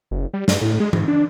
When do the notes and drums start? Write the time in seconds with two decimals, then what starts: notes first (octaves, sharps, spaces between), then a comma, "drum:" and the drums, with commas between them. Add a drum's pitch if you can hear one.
0.11 F#1
0.34 G3
0.48 G2, drum: snare
0.61 A2
0.80 G#3
0.93 G#2, drum: tom E3
1.08 D4